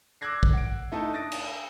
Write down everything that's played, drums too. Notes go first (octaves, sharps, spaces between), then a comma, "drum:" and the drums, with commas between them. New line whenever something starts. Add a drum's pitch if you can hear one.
D6 E6 F#6 G#6 A#6 C7
drum: kick
F#5 D7
A3 D#4 E4 A4
D4 D#6 A6 A#6 D7
drum: cymbal